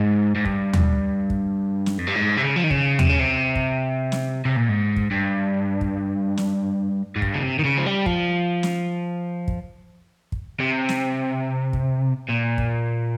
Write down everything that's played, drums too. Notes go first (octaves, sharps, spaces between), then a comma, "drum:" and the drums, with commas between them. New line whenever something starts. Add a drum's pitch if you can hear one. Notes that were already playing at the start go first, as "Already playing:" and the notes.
Already playing: G#2
G#2
G2, drum: kick
drum: tom D#2
drum: kick
drum: snare
F2
G2
G#2
C3
C#3
F3
D#3
C#3, drum: kick
C3, drum: tom D#2
C#3
C3
drum: kick
drum: snare
C3
A#2
G#2
drum: kick
G2
drum: kick
drum: snare
G#2
G2, drum: kick
C#3
C3
D#3
C#3
F3
G3
F3, drum: kick
drum: snare
drum: kick
drum: kick
C3
drum: snare
drum: kick
A#2
drum: kick